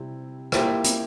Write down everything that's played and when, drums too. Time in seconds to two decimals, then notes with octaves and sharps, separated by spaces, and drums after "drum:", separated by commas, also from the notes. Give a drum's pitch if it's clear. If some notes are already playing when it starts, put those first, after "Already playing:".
Already playing: C3 G3 C4 E4
0.52 A#3 E4 F4 G4 C5, drum: rim click
0.84 drum: hi-hat